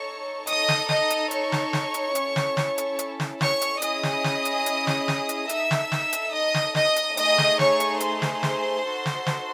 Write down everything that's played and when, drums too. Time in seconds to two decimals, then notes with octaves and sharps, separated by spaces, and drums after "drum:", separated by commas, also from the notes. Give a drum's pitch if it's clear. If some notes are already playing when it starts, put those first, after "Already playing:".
Already playing: D#4 A4 C#5 C#6
0.47 D#4 A4 D#5 D#6, drum: hi-hat
0.68 drum: snare
0.89 D#5 D#6, drum: snare
1.10 drum: hi-hat
1.31 C#5 C#6, drum: hi-hat
1.52 drum: snare
1.73 drum: snare
1.94 drum: hi-hat
2.15 C#4 E4 A4, drum: hi-hat
2.36 drum: snare
2.57 drum: snare
2.78 drum: hi-hat
2.99 drum: hi-hat
3.20 drum: snare
3.41 C#5 C#6, drum: snare
3.61 drum: hi-hat
3.82 C#4 E4 G#4 D#5 D#6, drum: hi-hat
4.03 drum: snare
4.24 drum: snare
4.45 drum: hi-hat
4.66 drum: hi-hat
4.87 drum: snare
5.08 drum: snare
5.29 drum: hi-hat
5.49 D#4 A4 E5 E6, drum: hi-hat
5.71 drum: snare
5.92 drum: snare
6.13 drum: hi-hat
6.34 D#5 D#6
6.54 drum: snare
6.75 D#5 D#6, drum: snare
6.96 drum: hi-hat
7.17 A3 D#4 G#4 D#5 D#6, drum: hi-hat
7.38 drum: snare
7.59 C#5 C#6, drum: snare
7.80 drum: hi-hat
8.00 C5 C6, drum: hi-hat
8.22 drum: snare
8.43 drum: snare
8.85 D#4 F#4 A4
9.06 drum: snare
9.26 drum: snare